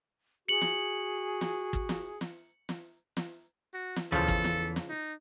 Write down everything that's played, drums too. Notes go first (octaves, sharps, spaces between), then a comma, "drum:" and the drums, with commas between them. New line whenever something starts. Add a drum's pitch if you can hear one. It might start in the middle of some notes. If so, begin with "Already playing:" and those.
F#4 G#4 C#7 F#7
drum: snare
drum: snare
drum: kick
drum: snare
drum: snare
drum: snare
drum: snare
F#4
drum: snare
E2 C#3 E3 F3 A4, drum: tom D2
drum: kick
drum: snare
drum: snare
D#4